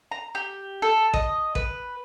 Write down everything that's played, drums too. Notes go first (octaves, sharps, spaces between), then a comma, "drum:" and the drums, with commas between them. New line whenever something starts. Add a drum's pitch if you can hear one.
A#5
G4
A4
D#5, drum: kick A1
B4, drum: kick A1